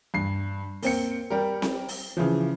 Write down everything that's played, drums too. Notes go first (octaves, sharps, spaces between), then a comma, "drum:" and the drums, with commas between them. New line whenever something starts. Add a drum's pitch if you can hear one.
G2 C7
A#3 C4 C#7, drum: open hi-hat
G3 G4 A#4
drum: snare C4
drum: open hi-hat
C#3 E3 F3